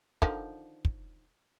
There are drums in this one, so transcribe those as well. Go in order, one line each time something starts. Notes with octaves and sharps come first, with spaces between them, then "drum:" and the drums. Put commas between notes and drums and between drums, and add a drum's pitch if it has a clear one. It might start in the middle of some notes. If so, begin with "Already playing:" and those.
D3 D#3 F3, drum: kick
drum: kick